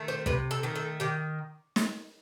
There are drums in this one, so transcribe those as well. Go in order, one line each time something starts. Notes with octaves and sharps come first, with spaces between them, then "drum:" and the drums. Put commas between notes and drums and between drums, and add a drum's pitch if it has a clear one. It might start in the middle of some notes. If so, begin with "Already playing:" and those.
Already playing: D#3 A3
C5
C3 B4, drum: kick
A4
D#3 A3
A4
D#3 G4
drum: snare